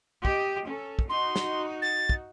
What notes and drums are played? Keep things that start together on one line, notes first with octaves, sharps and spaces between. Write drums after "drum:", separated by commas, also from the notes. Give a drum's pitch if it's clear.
G4 D#5, drum: kick
C#4 A4
drum: kick
D#4 F#4 C6
drum: snare
A6
drum: kick